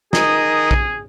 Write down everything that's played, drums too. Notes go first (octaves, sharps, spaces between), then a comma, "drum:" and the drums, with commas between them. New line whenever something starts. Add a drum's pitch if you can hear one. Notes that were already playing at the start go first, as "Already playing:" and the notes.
D#4 G#4 A#4, drum: snare
drum: kick A#1